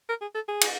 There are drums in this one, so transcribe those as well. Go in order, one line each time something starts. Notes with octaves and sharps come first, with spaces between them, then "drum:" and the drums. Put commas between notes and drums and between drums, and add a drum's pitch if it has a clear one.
A#4
G#4
A4
G#4
drum: cymbal